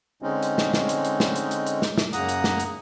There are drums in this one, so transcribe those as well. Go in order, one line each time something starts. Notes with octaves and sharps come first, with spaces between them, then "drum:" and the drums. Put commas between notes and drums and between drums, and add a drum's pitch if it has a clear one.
D3 G#3 C4 C#4 D#4
drum: hi-hat
drum: snare
drum: snare
drum: hi-hat
drum: hi-hat
drum: snare
drum: hi-hat
drum: hi-hat
drum: hi-hat
drum: snare
drum: snare
F#2 C#3 A#3 F#5 A#5 D#6, drum: hi-hat
drum: hi-hat
drum: snare
drum: hi-hat